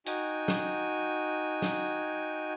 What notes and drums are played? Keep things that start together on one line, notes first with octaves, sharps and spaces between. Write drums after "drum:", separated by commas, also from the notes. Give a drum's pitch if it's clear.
D#4 F#4 G5 G#5, drum: hi-hat
drum: snare
drum: snare